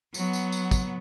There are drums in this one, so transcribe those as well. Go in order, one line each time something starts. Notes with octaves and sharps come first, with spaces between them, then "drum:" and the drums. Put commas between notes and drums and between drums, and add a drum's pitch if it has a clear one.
F#3 B3, drum: tambourine
drum: tambourine
drum: tambourine
drum: kick, tambourine